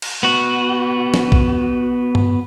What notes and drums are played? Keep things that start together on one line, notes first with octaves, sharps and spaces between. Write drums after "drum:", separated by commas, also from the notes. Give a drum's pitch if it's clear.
drum: cymbal
B3 F#4
drum: snare
drum: kick
drum: tom G2